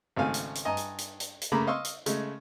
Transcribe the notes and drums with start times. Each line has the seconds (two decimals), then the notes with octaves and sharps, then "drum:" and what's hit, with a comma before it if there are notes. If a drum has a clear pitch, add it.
0.16 G#1 C#3 A3 F5 G#5
0.34 drum: hi-hat
0.55 drum: hi-hat
0.65 G2 D#5 G#5 A#5
0.77 drum: hi-hat
0.98 drum: hi-hat
1.20 drum: hi-hat
1.41 drum: hi-hat
1.52 C#3 A3 A#3 A#5 B5 D6
1.67 D#5 F5 C6 C#6 E6
1.85 drum: hi-hat
2.06 C#3 G#3 A3, drum: hi-hat